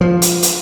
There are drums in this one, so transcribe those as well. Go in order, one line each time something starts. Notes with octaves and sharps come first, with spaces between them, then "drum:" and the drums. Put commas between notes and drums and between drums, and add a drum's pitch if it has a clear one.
F3
drum: hi-hat
drum: hi-hat